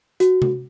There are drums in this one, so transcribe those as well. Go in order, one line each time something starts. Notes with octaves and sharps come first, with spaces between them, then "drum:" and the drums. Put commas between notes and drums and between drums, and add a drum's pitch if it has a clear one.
F#4, drum: hi-hat
drum: tom C3